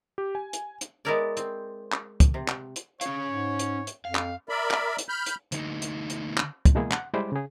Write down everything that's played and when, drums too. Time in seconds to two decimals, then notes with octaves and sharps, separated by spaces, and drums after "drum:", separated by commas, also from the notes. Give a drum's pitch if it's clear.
0.18 G4
0.35 G#5
0.53 drum: hi-hat
0.81 drum: hi-hat
1.05 G#3 B3 E4 A#4 C#5 D5
1.37 C4, drum: hi-hat
1.92 drum: clap
2.20 drum: kick, hi-hat
2.34 C3
2.48 drum: clap
2.76 drum: hi-hat
3.01 C#4 C#5 F5, drum: hi-hat
3.28 G#2
3.59 drum: hi-hat
3.87 drum: hi-hat
4.05 F2 F5
4.15 drum: clap
4.49 A#4 D5 E5 B5
4.71 drum: clap
4.99 drum: hi-hat
5.09 B5 F6 G6
5.26 drum: hi-hat
5.52 D2 D#4, drum: hi-hat
5.82 drum: hi-hat
6.10 drum: hi-hat
6.38 drum: clap
6.65 drum: kick, hi-hat
6.75 B2 E3 G#3 A#3 E4 G#4
6.92 F#5, drum: clap
7.14 G3 G#3 E4 C5 B5 D6
7.32 C#3 G#4